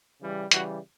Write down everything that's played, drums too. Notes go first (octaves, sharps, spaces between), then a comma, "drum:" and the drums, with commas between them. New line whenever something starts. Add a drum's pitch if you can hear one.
C#3 E3 G3
C#3 E3 G3 F#4, drum: hi-hat